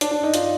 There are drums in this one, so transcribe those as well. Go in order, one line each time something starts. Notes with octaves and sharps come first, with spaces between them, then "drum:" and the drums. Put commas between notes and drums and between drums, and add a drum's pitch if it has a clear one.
D4, drum: hi-hat
D4
D#4
F4, drum: hi-hat